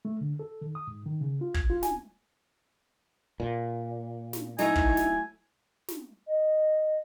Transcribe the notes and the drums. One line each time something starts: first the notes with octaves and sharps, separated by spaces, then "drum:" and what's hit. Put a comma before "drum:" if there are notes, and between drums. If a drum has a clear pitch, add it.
A3
D3
A4
D#3
D#6
G#2
D#3
C#3
F4
G#6, drum: kick
F4
G#5, drum: snare
A#2
drum: snare
F#3 A3 D#4 E4 G#5, drum: snare
drum: kick
drum: snare
drum: snare
D#5